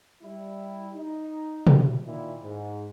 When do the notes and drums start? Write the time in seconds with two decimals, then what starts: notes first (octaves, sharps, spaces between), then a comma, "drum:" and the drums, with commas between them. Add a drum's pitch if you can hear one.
0.22 G3 E4
0.96 D#4
1.67 drum: tom
2.05 A#2 D#3 E4
2.42 G#2